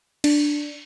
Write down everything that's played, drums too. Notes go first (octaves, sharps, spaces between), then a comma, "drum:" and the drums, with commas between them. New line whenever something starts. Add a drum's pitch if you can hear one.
D4, drum: cymbal